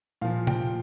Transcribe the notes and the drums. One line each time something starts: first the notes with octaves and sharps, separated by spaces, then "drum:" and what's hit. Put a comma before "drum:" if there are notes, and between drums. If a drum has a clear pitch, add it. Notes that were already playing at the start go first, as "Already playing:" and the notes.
A#2 F3 F5
G5, drum: tom C3